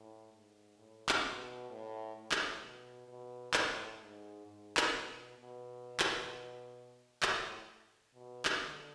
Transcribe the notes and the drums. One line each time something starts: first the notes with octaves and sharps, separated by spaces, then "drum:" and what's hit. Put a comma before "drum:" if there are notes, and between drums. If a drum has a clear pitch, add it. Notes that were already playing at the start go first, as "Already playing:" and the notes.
Already playing: A2
G#2
A2
drum: clap
B2
A2
A2
drum: clap
B2
B2
A2, drum: clap
G#2
G#2
drum: clap
B2
B2
drum: clap
A2, drum: clap
B2
drum: clap
D3